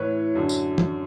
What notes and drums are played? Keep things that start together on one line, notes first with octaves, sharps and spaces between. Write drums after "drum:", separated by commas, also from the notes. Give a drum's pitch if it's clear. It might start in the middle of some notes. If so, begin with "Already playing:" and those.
Already playing: A2 E3 B4 C#5
F#2 D3
drum: tambourine
drum: tom E3